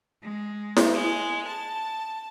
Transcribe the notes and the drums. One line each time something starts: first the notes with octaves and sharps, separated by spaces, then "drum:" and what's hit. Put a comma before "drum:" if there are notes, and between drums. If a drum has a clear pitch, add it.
G#3
drum: snare E4
G#3
A5